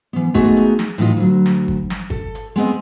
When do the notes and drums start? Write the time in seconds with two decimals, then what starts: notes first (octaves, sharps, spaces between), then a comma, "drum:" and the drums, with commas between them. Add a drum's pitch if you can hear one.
0.13 E3 B3
0.34 G#3 A3 B3 D#4 F#4 G#4, drum: kick
0.57 drum: hi-hat
0.79 drum: snare
0.98 A2 E3 D#4 F4, drum: hi-hat
1.17 D2 F#3
1.46 drum: snare
1.68 drum: kick
1.90 drum: snare
2.10 A4, drum: kick
2.35 drum: hi-hat
2.56 G#3 B3 C4 D#5